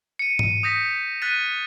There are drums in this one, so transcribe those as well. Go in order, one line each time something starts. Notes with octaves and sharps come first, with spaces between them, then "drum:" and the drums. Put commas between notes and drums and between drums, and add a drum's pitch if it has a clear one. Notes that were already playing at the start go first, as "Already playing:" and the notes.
C#7 D#7
D#7, drum: tom G#2
D#6 G6 A#6 B6
F#6 A6 B6 D#7